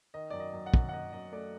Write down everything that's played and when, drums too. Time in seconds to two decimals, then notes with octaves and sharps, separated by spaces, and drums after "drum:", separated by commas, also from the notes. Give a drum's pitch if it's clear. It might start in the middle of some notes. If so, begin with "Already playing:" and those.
0.14 D#3 D#5
0.30 F#2 D5
0.40 D#5
0.53 F#2
0.66 F#5
0.74 F#2, drum: kick
0.89 F#5
0.93 F#2 D#5
1.13 F#2 D#5
1.33 A3 D5